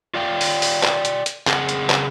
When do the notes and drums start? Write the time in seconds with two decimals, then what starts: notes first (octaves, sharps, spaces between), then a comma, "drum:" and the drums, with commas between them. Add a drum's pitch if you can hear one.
0.14 F4 D5 F5 G5
0.41 drum: open hi-hat
0.62 drum: open hi-hat
0.83 drum: clap
1.05 drum: hi-hat
1.26 drum: hi-hat
1.47 C#3 C4 G#4 F#5, drum: clap
1.69 drum: hi-hat
1.90 drum: clap